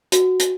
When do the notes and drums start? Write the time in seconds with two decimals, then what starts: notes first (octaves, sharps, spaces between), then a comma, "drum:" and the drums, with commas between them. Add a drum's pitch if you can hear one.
0.12 F#4, drum: hi-hat
0.40 drum: hi-hat